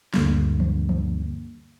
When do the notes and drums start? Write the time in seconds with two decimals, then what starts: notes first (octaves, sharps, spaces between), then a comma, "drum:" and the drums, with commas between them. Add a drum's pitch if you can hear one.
0.14 D2 G2 D3 G3 A#3, drum: snare
0.60 drum: tom E3
0.89 drum: tom E3